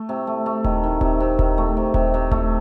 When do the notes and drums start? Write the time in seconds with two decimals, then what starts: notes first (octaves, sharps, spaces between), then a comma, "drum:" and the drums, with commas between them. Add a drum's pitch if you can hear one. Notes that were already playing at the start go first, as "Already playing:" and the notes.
Already playing: A3
0.09 C3
0.27 A3
0.46 A3
0.64 D#3, drum: kick D#1
0.84 D#3
1.01 C3, drum: kick D#1
1.20 C3
1.39 D#3, drum: kick D#1
1.58 A3
1.77 C3
1.94 C3, drum: kick D#1
2.14 C3
2.31 A3, drum: kick D#1